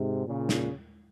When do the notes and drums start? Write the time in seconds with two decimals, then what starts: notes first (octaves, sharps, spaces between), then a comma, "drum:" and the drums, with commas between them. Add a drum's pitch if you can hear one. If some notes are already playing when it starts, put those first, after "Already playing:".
Already playing: G#2 C3
0.27 A#2 C#3
0.49 drum: snare